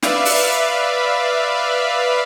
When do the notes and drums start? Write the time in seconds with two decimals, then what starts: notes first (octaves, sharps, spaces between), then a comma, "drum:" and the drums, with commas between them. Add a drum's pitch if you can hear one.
0.03 B4 D5 E5 F5, drum: snare
0.25 drum: open hi-hat